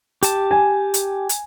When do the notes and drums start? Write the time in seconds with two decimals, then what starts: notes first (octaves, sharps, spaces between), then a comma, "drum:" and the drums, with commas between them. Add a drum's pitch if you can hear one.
0.23 G4 A5, drum: hi-hat
0.51 G#5
0.94 drum: hi-hat
1.29 drum: hi-hat